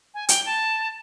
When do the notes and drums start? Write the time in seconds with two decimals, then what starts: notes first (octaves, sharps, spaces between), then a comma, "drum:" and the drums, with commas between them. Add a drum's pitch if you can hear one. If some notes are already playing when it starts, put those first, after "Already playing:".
0.14 G#5
0.29 G5, drum: hi-hat
0.46 A5